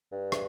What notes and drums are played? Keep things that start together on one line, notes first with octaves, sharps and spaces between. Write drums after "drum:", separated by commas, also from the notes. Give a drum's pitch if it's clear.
G2
drum: rim click